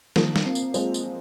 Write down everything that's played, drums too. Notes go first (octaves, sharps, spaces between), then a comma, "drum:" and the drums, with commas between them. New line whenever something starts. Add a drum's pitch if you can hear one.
D#3 F3 A#3, drum: snare
drum: snare
C4
drum: tambourine
G#3 C4 F4, drum: tambourine
drum: tambourine